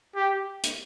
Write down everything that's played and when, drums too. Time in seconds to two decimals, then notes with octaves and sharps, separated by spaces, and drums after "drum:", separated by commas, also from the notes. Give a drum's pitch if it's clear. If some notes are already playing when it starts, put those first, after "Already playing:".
0.16 G4
0.64 drum: hi-hat